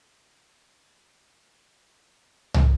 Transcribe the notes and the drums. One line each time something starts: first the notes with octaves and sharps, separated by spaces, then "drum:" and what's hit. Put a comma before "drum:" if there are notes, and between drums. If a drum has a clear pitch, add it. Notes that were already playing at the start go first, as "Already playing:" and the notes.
B2 F3
B2 E3 G#3 A3
C#2 B3 C4 C#5 D#5 F#5
drum: tom